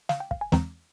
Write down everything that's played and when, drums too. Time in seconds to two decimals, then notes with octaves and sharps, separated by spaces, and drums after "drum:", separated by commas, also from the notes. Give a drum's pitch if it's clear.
0.09 F5, drum: snare
0.20 G5
0.31 F5, drum: kick
0.41 G#5
0.52 E2 E3 G#3 C4 A#5, drum: snare